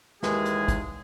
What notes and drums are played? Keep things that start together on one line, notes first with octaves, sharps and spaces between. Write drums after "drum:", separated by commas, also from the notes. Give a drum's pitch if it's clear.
D#2 E3 G#3 G#4, drum: snare
drum: hi-hat
drum: kick, hi-hat